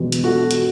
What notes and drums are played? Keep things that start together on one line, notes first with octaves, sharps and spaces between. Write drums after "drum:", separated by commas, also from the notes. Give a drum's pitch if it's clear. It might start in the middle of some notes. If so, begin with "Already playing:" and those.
Already playing: E1 E2 B2
drum: hi-hat
F#4 A4
drum: hi-hat